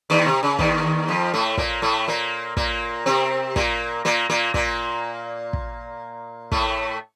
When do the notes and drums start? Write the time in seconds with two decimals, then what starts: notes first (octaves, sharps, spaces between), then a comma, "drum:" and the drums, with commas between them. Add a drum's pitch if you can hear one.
0.10 D#2 D#3
0.26 C3
0.43 C#3
0.59 D#2 D#3, drum: kick
1.08 F2 F3
1.34 A2 A3
1.57 A#2 A#3, drum: kick
1.82 A2 A3
2.08 A#2 A#3
2.57 A#2 A#3, drum: kick
3.06 C3 C4
3.56 A#2 A#3, drum: kick
4.05 A#2 A#3
4.30 A#2 A#3
4.54 A#2 A#3, drum: kick
5.53 drum: kick
6.52 A2 A3, drum: kick